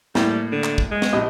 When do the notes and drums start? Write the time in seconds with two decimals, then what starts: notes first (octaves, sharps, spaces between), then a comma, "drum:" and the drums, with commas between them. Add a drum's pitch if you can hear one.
0.15 A2 G3 A#3, drum: snare
0.52 D3
0.64 drum: clap
0.78 drum: kick
0.92 G#3
1.02 drum: snare
1.13 A#1 C3 D#5